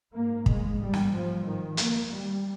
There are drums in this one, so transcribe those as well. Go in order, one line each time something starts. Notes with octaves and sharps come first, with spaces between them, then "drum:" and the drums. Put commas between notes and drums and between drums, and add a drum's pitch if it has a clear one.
G#2 A#3
G#3, drum: kick
G3
drum: snare
F3
D#3
A#3, drum: hi-hat
G3